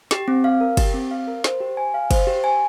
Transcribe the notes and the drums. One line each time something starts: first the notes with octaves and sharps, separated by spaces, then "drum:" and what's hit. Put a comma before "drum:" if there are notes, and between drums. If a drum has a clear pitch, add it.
G4, drum: snare
C4
F5
A#4
G4, drum: kick, cymbal
C4
F5
A#4
C5, drum: snare
G4
G#5
F5
C5, drum: kick, cymbal
G4
G#5